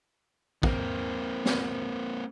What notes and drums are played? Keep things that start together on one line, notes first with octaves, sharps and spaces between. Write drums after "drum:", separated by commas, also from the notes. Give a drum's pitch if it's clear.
A#3 C4, drum: kick
drum: snare